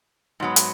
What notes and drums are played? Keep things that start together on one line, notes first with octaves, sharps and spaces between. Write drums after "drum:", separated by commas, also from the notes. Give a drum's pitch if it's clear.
G#2 F#3 B3
drum: hi-hat